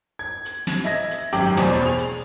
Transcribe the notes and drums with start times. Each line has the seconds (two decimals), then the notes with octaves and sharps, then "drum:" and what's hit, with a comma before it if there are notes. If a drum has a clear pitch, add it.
0.19 G#6
0.45 drum: hi-hat
0.67 drum: snare
0.84 D#5 E5 G#6 A#6
1.11 drum: hi-hat
1.33 G#1 F#2 G4 G5 D6 F#7, drum: hi-hat
1.57 A1 E2 B2 C5 D5 G#5, drum: snare
1.85 G#4 F7
1.98 drum: hi-hat